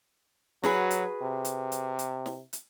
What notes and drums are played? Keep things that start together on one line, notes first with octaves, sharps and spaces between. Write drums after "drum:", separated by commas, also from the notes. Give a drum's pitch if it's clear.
F#3 F#4 G#4 B4, drum: snare
drum: hi-hat
C3
drum: hi-hat
drum: hi-hat
drum: hi-hat
drum: snare
drum: hi-hat